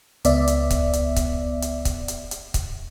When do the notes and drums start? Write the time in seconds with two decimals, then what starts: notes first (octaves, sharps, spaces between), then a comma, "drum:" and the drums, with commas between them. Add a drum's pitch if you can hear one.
0.25 C#2 B3 D5 E5, drum: hi-hat
0.47 drum: hi-hat
0.70 drum: kick C#1, hi-hat
0.93 drum: hi-hat
1.16 drum: kick C#1, hi-hat
1.62 drum: hi-hat
1.85 drum: kick C#1, hi-hat
2.08 drum: hi-hat
2.31 drum: hi-hat
2.54 drum: kick C#1, hi-hat